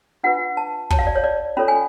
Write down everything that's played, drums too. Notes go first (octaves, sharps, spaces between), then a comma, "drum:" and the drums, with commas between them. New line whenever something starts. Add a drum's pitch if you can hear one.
D4 F4 B4 F#5
A5
F#4 C#5 A5, drum: kick
F5
D5
C#5
D5
C#4 F4 A4 C#5 B5
G#5